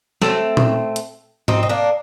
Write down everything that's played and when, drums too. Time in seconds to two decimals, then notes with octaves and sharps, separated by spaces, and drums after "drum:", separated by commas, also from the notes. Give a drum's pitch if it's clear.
0.22 A3 C4, drum: snare
0.57 drum: tom A#2
0.96 drum: hi-hat
1.48 C4 D#4, drum: tom G#2
1.63 D#4
1.69 A#3 D4